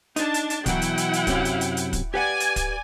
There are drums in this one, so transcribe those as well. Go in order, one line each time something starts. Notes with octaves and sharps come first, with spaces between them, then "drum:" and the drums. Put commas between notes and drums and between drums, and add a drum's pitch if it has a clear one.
D4 D#4 A5, drum: hi-hat
drum: hi-hat
drum: hi-hat
B2 E3 F#3 E4 F#5 G5, drum: kick, hi-hat
drum: hi-hat
drum: hi-hat
drum: hi-hat
F#2 C3 C#4, drum: kick, hi-hat
drum: hi-hat
drum: hi-hat
drum: hi-hat
drum: kick, hi-hat
G4 B4 D5 F#5 G#5
drum: hi-hat
drum: kick, hi-hat